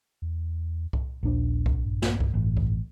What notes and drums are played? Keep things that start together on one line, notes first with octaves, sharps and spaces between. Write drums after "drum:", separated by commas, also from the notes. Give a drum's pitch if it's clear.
E2
drum: kick C2
A#1 D#2 D4
drum: kick C2
G2
drum: snare
drum: kick C2
A1
drum: kick C2